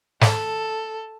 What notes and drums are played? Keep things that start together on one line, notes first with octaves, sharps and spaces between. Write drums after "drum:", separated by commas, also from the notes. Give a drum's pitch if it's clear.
A4, drum: snare